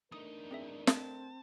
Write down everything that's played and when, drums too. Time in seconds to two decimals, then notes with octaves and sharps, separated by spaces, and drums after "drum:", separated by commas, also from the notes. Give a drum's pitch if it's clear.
0.12 E2 A3 D4 D#4 A#4 D#6
0.51 C4 G#4 E5
0.87 C4 F5 A5, drum: snare